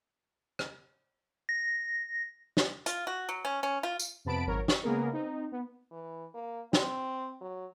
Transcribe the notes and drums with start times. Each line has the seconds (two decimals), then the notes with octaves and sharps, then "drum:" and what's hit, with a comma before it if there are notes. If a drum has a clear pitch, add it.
0.59 drum: rim click
1.49 A#6
2.57 drum: snare
2.86 F4, drum: hi-hat
3.07 F#4
3.29 F#3
3.45 C#4
3.63 C#4
3.83 F4
4.00 drum: tambourine
4.25 F2 C3 B3 A5 B5 D7
4.47 G#1 F#3 A#4 C#5
4.68 C#6, drum: snare
4.83 C#3 G#3 A#3 B3 G#4 A#4
5.13 C4 D#4
5.52 B3
5.91 E3
6.34 A#3
6.73 C4, drum: snare
7.41 F#3